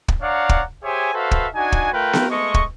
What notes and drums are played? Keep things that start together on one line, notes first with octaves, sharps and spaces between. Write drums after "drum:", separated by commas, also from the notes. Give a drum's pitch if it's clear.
drum: kick
D4 C#5 D5 F5 F#5 A#5
drum: kick
G4 G#4 C5 C#5 E5 G#5
F#4 A4 B4 C5 E5 F5
drum: kick
D4 D#4 F#4 G#5
drum: kick
A3 F4 A#4 B4 G5
drum: snare B3
G#3 A3 D#5 C#6
drum: kick